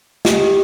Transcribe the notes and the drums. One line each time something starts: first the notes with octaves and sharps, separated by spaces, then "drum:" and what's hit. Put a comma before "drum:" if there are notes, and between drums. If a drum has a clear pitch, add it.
G4 D#5, drum: snare
G4